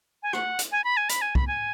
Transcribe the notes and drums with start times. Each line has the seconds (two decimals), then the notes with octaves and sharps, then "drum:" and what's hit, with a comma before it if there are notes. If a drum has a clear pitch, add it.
0.23 G#5
0.33 F#5, drum: rim click
0.59 drum: hi-hat
0.72 G#5
0.84 B5
0.97 G#5
1.09 B5, drum: hi-hat
1.22 G#5
1.35 B5, drum: kick
1.47 G#5